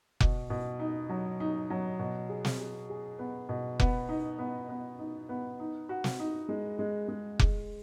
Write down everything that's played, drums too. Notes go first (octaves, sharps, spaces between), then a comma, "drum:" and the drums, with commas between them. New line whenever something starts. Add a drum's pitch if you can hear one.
B2, drum: kick F1
B2
D#4
F#3
D#4
F#3
B2
G#4
drum: snare
G#4
G#4
B3
B2
B3, drum: kick F1
D#4
B3
B3
D#4
B3
D#4
F#4
drum: snare
D#4
G#3
G#3
G#3
G#3, drum: kick F1